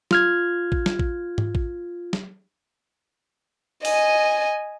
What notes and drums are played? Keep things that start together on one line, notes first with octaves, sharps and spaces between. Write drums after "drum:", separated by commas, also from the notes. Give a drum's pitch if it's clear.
F4 F6 G#6, drum: snare
drum: kick A#1
drum: snare
drum: kick A#1
drum: tom G#2
drum: kick A#1
drum: snare
D#5 G#5, drum: open hi-hat